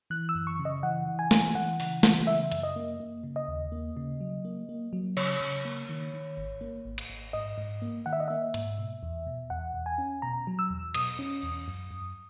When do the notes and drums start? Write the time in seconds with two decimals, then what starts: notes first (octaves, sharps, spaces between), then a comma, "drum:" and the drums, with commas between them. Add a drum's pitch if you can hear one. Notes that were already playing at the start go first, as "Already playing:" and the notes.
0.10 E3 F#6
0.29 E6
0.35 F#2
0.47 C#6
0.60 C#3
0.65 D#5
0.83 E3 F#5
1.07 E3
1.19 G#5
1.31 E3, drum: snare
1.55 E3 F#5
1.80 C#3, drum: open hi-hat
2.03 E3, drum: snare
2.27 C#3 E5
2.52 F#2, drum: hi-hat
2.63 D#5
2.76 A#3
3.00 A#3
3.24 C#3
3.36 D#5
3.48 D#2
3.72 A#3
3.97 C#3
4.21 F#3
4.45 A#3
4.69 A#3
4.93 F#3
5.17 C#3 C#5, drum: cymbal
5.41 C#3
5.65 A#3
5.89 D#3
6.14 D#3
6.37 G#1
6.61 A#3
6.85 G#1
6.98 drum: cymbal
7.10 G#1
7.33 G#2 D#5
7.58 G#2
7.82 A#3
8.06 D#3 F#5
8.13 E5
8.20 D#5
8.28 A#3 E5
8.54 G#2, drum: hi-hat
8.78 B2
9.03 E2
9.27 B2
9.50 E2 F#5
9.74 E2
9.86 G#5
9.98 C#4
10.22 B2 A#5
10.47 F#3
10.59 E6
10.70 E2
10.94 B2 D#6, drum: cymbal
11.19 C#4
11.43 E2
11.68 F#2
11.91 F#2